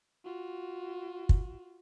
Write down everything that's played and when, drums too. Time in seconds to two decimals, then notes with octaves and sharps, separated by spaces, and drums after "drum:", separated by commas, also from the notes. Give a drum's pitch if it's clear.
0.25 F4 F#4
1.29 drum: kick